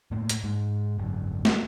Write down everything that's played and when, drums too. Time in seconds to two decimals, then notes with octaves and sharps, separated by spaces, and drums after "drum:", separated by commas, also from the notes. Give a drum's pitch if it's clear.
0.11 A2 A3 A#3
0.29 drum: hi-hat
0.44 G#2 G#3
0.99 G#1 F#2
1.45 drum: snare